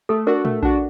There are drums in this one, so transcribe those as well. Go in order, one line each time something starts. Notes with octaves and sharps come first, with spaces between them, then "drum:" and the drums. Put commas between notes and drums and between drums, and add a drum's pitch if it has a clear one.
A3 A4
D4 F#4 A#4
A3, drum: tom
D4 F#4, drum: kick A#1